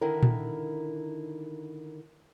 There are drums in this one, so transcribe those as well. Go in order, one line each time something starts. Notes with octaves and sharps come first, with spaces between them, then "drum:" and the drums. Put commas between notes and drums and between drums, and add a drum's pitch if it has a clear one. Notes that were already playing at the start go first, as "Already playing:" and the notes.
D3 D#3 E4 A#4
drum: tom A#2